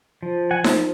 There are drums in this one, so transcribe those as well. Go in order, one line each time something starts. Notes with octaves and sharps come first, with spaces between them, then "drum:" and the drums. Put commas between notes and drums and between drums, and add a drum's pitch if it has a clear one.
F3
F#5 G#5
F3, drum: snare D#4